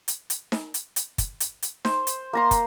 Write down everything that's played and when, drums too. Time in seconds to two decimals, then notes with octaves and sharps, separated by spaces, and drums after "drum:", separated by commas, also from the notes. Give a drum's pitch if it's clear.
0.08 drum: hi-hat
0.30 drum: hi-hat
0.52 drum: snare D#4
0.74 drum: hi-hat
0.96 drum: hi-hat
1.18 drum: kick, hi-hat
1.40 drum: hi-hat
1.62 drum: hi-hat
1.85 C5, drum: snare D#4
2.07 drum: hi-hat
2.33 A#3 A#5 C6
2.51 drum: kick, hi-hat